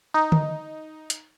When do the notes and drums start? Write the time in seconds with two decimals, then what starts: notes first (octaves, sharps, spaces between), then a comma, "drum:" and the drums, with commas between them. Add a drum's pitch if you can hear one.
0.14 D#4
0.32 drum: tom D3
1.10 drum: hi-hat